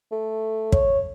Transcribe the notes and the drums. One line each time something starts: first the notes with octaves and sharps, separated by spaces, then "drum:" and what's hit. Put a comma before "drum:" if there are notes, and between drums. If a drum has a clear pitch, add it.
A3
C#5, drum: kick